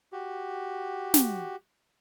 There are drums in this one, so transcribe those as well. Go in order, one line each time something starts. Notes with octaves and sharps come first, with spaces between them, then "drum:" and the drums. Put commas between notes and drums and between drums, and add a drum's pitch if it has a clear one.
F#4 G4
drum: snare